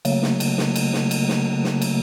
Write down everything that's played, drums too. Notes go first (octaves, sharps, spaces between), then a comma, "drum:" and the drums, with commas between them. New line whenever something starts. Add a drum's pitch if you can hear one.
C#3 F#3 A3 A#3, drum: cymbal
drum: snare
drum: cymbal
drum: snare
drum: cymbal
drum: snare
drum: cymbal
drum: snare
drum: snare
drum: cymbal